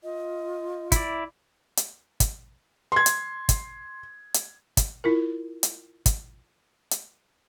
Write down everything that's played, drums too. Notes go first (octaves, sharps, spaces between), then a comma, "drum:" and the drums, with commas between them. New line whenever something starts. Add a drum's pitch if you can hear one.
F4 D#5
E4 D5, drum: kick, hi-hat
drum: hi-hat
drum: kick, hi-hat
C6 G#6
drum: hi-hat
drum: kick, hi-hat
drum: hi-hat
drum: kick, hi-hat
E4 F4 A#4
drum: hi-hat
drum: kick, hi-hat
drum: hi-hat